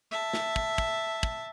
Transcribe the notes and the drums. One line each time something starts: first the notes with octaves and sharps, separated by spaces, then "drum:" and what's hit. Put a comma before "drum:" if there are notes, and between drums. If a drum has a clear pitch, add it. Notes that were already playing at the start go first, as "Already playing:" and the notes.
E5 A5
drum: snare
drum: kick
drum: kick
drum: kick